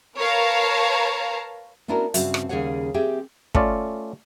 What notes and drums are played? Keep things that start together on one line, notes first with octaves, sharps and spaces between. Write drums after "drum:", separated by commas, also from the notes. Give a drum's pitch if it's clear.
A#4 B4 C#5 F5 A5 A#5
B3 C#4 D4 E4 F#4 A#4
G2 C#3 C4 F#4 B4 E5, drum: hi-hat
drum: rim click
D#2 C#3 G3 G#4 C#5 F#5
C4 G4 G#4 E5 G5
A3 C#4 F4 D5, drum: kick